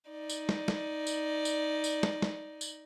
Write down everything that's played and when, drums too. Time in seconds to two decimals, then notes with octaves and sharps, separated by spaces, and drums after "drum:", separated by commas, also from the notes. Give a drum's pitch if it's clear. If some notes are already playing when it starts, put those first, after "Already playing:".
0.10 D#4 D5
0.29 drum: tambourine
0.49 drum: snare
0.68 drum: snare
1.07 drum: tambourine
1.45 drum: tambourine
1.84 drum: tambourine
2.03 drum: snare
2.22 drum: snare
2.61 drum: tambourine